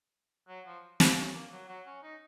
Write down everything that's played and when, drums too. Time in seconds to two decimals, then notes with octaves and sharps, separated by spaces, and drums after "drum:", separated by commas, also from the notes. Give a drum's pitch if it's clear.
0.48 F#3
0.66 F3
1.00 A#3, drum: snare
1.17 C#4
1.34 A#3
1.52 F#3
1.68 F#3
1.86 C#4
2.03 D#4